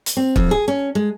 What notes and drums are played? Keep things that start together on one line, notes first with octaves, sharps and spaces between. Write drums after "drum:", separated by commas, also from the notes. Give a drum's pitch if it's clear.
drum: hi-hat
C4
F2, drum: kick
G#4
C#4
G#3